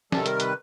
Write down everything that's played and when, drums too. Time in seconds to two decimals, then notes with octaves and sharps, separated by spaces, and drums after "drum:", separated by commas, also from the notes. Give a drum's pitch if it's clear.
0.12 C3 D#3 G3 A4, drum: snare
0.26 A#4, drum: hi-hat
0.40 B4, drum: hi-hat